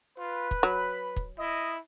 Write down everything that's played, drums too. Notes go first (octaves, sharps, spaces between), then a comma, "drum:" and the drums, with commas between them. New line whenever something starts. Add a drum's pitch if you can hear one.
F4 B4
drum: kick
F#3 B5
drum: kick
E4 D#5